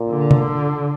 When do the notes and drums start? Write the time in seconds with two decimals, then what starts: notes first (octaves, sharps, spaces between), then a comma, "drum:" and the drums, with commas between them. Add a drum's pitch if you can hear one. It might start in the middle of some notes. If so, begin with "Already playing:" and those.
Already playing: A#2
0.10 D3
0.31 drum: tom C3